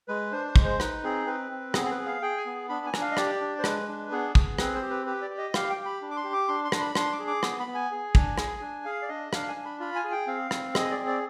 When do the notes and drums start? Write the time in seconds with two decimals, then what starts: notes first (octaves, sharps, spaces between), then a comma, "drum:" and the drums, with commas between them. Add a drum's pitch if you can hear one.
0.08 G#3 B4
0.32 D4 C5
0.48 C5
0.56 G#3, drum: kick
0.64 C5
0.80 D#4 B4, drum: rim click
1.04 C4 G#4
1.27 C4 B4
1.51 C4
1.74 B3 G#4, drum: rim click
1.85 G#4
1.91 B4
1.99 G#4
2.06 F5
2.22 G#4 G5
2.37 G#5
2.46 B3
2.69 D4 B5
2.86 G#5
2.94 D4, drum: rim click
3.01 F5
3.12 D#5
3.17 G4 D5, drum: rim click
3.41 D4
3.59 C5
3.64 G#3 B4, drum: rim click
3.88 D4
4.11 B3 G#4
4.35 G#4, drum: kick
4.59 C4 B4, drum: rim click
4.75 C5
4.82 G4
4.90 B4
5.06 G4 B4
5.22 D5
5.30 G4
5.38 D#5
5.54 G4 F5, drum: rim click
5.70 G5
5.77 G4
5.86 B5
6.01 D4
6.11 D6
6.17 C6
6.24 G4
6.33 D6
6.48 D4 C6
6.64 C6
6.72 D4, drum: rim click
6.80 B5
6.95 D4 C6, drum: rim click
7.12 D6
7.19 G#4
7.27 D6
7.43 B3, drum: rim click
7.59 B5
7.67 B3
7.75 G#5
7.91 G#4
8.15 D4, drum: kick
8.38 G#4, drum: rim click
8.61 D4
8.85 G#4 F5
9.02 D5
9.09 D4 D#5
9.33 D4 F5, drum: rim click
9.48 G#5
9.57 D4
9.65 B5
9.80 F4 B5
9.96 G#5
10.04 G#4
10.12 G5
10.27 C4 F5
10.51 C4, drum: rim click
10.75 G#4 D#5, drum: rim click
10.91 D5
10.99 C4
11.07 D5